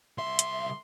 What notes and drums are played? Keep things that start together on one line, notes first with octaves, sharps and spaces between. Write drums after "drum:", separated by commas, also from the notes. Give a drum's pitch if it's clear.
C2 E5 C6
drum: hi-hat